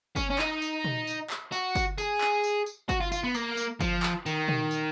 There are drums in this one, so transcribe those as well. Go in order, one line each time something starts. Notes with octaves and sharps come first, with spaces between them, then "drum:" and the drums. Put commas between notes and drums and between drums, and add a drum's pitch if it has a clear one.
C#4, drum: kick G1, tambourine
C#4
D#4, drum: clap
drum: tambourine
drum: tom
drum: tambourine
drum: clap
F#4, drum: tambourine
drum: kick G1, tambourine
G#4, drum: tambourine
drum: clap
drum: tambourine
drum: tambourine
F#4, drum: kick G1, tambourine
F4
F4, drum: tambourine
B3
A#3, drum: tambourine
drum: tambourine
F3, drum: kick G1, tambourine
drum: clap
D#3, drum: tambourine
drum: tom
drum: tambourine